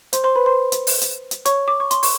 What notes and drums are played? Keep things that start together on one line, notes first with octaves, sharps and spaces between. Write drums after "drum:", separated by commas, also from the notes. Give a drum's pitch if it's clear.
C5 C6, drum: hi-hat
C5 C6
B4 B5
C5 C6
drum: hi-hat
drum: open hi-hat
drum: hi-hat
drum: hi-hat
C#5 C#6, drum: hi-hat
D6
C#6
C6, drum: hi-hat
C#6, drum: open hi-hat